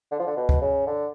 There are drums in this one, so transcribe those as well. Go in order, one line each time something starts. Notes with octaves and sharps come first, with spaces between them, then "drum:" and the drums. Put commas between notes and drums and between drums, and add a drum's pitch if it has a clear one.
D3
F3
D3
B2
drum: kick C#2
C#3
D3